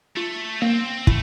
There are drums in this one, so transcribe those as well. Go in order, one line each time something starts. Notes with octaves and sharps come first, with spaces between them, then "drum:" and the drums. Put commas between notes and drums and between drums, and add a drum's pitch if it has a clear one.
A3 F4
A#3 C4
A3 E4, drum: kick